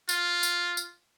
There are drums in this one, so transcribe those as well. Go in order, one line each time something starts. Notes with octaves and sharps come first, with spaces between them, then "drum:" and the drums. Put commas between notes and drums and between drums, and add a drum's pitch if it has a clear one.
F4, drum: tambourine
drum: tambourine
drum: tambourine